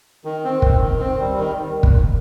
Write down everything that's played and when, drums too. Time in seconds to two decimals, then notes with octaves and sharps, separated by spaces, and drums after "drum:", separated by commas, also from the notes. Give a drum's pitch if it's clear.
0.25 D#3
0.44 C4
0.62 D#3, drum: kick
0.81 D#3
1.00 C4
1.19 G3
1.38 D#3
1.83 drum: kick